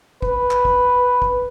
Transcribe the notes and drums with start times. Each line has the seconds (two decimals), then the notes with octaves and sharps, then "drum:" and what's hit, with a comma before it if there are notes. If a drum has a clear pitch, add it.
0.22 B4, drum: kick
0.51 drum: clap
0.65 drum: kick
1.22 drum: kick